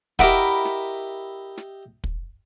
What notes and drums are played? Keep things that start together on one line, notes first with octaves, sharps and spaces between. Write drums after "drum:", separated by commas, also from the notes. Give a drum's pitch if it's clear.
E4 G4 A#4 D#5 E5 F#5 B5, drum: kick
drum: snare
drum: snare
drum: kick